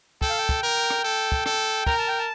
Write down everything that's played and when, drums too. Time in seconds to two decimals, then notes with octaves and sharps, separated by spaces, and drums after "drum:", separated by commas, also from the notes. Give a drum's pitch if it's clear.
0.22 A4 G5, drum: kick
0.30 F5
0.38 G5
0.49 drum: kick
0.63 A#4
0.90 drum: rim click
1.04 A4
1.32 drum: kick
1.46 A4, drum: rim click
1.86 A#4 A#5, drum: kick
1.98 A5
2.08 G5
2.19 A5